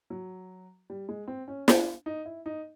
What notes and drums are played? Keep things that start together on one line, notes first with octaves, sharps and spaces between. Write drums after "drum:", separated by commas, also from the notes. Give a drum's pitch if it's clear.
F#3
G3
G#3
C4
C#4
D4, drum: snare
D#4
E4
D#4